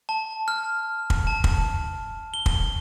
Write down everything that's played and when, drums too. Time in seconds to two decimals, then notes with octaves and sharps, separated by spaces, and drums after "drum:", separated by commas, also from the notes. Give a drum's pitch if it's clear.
0.09 A5
0.48 F6
1.10 drum: kick
1.27 A5
1.44 drum: kick
2.34 G7
2.46 drum: kick